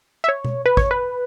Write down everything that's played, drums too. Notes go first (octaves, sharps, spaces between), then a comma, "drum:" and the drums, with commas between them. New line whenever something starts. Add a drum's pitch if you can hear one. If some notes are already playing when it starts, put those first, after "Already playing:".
E5
C#5
drum: tom B2
B4
C#5, drum: kick
B4